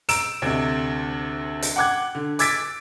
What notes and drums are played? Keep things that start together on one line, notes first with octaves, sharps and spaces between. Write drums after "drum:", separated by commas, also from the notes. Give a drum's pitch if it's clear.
A#5 E6 D7 E7, drum: hi-hat
D2 C3
drum: hi-hat
F#5 G5 D6 F#6 G#6
D3
D6 E6 G#6 A6 B6 D7, drum: hi-hat